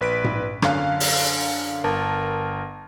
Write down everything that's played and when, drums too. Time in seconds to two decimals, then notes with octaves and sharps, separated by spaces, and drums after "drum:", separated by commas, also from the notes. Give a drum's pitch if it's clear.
0.01 A#1 B4 B6 D7
0.24 drum: tom G#2
0.62 F#2 D3 C#4 F5 F#6, drum: rim click
1.00 drum: open hi-hat
1.84 G1 A#4 A5